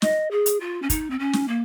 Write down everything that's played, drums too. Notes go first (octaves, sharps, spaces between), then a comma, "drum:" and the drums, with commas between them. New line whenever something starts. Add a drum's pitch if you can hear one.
D#5, drum: snare
G#4
drum: hi-hat
F4
C#4
D#4, drum: kick, hi-hat
C4
C#4
drum: snare
A#3